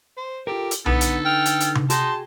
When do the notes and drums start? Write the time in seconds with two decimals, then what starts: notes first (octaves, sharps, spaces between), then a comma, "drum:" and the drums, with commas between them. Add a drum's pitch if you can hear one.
0.17 C5
0.47 F4 G4 A4 A#4
0.71 drum: hi-hat
0.86 D3 B3 D#4 A4 B4, drum: tom B1
1.01 drum: hi-hat
1.25 G5 F6
1.46 drum: hi-hat
1.60 drum: hi-hat
1.75 drum: tom C3
1.90 D#4 F#4 G#4 G5 A5 C6, drum: hi-hat